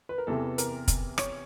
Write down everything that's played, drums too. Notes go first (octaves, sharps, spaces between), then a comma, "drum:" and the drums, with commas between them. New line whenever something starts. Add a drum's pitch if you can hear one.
B4
A#4
E2 C3 E3 A4
A#4, drum: hi-hat
drum: kick, hi-hat
C#5, drum: rim click